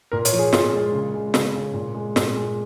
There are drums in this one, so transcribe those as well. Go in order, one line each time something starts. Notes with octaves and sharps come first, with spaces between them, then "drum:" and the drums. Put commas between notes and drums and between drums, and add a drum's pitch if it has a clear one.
A#2 A#4
C#5, drum: hi-hat
F3
G#4
A#2 F4, drum: snare
G#3
C#3
G#3
C#3, drum: snare
C#3
A#2
G#3
A#2, drum: snare
G#3